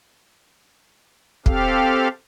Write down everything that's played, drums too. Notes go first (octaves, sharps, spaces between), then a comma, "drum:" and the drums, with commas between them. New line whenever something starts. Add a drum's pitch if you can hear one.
C4 G4 A4 F5, drum: kick